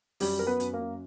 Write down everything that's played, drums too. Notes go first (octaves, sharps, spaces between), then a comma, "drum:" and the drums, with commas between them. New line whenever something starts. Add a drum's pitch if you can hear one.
F#2 G3 G4, drum: open hi-hat
F#2 A#4
B3 B4
F#2, drum: hi-hat
A#3 A#4
F#2